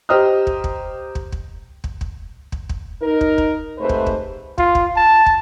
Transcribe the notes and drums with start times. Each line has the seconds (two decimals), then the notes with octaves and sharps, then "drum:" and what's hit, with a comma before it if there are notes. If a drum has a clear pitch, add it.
0.09 G4 C5 D#5 A#5 D#6 F6
0.47 drum: kick
0.64 drum: kick
1.15 drum: kick
1.32 drum: kick
1.84 drum: kick
2.01 drum: kick
2.52 drum: kick
2.69 drum: kick
3.02 D#4 A#4
3.21 drum: kick
3.38 drum: kick
3.78 G#2 C3 A3 B4 C5
3.89 drum: kick
4.06 drum: kick
4.58 F4, drum: kick
4.75 drum: kick
4.96 A5
5.26 drum: kick